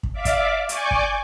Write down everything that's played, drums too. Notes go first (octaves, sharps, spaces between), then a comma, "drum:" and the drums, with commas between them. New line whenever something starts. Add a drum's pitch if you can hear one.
drum: kick
D5 E5 F5 D6
drum: kick, hi-hat
D5 G#5 C#6 D6 G6, drum: hi-hat
drum: kick